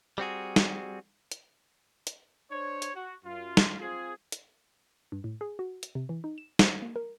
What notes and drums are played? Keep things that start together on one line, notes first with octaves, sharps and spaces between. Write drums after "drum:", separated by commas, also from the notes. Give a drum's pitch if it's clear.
G3 C4 F#4 G#4
drum: snare
drum: hi-hat
drum: hi-hat
D4 C5 C#5
drum: hi-hat
F#4
F#2 F4
drum: snare
C4 F4 G#4
drum: hi-hat
G2
A2
G#4
F#4
drum: hi-hat
C3
E3
D#4
E7
C5, drum: snare
A#3
A#4